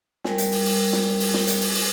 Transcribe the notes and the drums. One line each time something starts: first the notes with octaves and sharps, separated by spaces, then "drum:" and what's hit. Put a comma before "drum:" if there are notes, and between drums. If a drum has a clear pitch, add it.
G3 A#4 G5 G#5, drum: snare
drum: hi-hat
drum: open hi-hat
drum: open hi-hat
drum: snare
drum: open hi-hat
drum: snare
drum: hi-hat
drum: open hi-hat
drum: open hi-hat